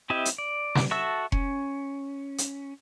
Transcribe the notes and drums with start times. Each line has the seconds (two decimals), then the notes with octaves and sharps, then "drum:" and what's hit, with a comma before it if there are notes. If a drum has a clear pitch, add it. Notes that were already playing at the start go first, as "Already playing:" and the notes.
0.10 C4 E4 G4 D#5 E5
0.25 drum: hi-hat
0.38 D5
0.75 drum: snare
0.91 F#4 A4 E5 A5 E6
1.32 C#4, drum: kick F1
2.38 drum: hi-hat